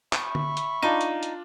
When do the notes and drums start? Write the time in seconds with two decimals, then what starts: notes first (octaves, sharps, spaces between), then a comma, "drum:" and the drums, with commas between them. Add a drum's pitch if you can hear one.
0.13 E5 B5 C#6, drum: clap
0.35 drum: tom D3
0.57 drum: hi-hat
0.83 D4 D#4 F4 D#7
1.01 drum: hi-hat
1.23 drum: hi-hat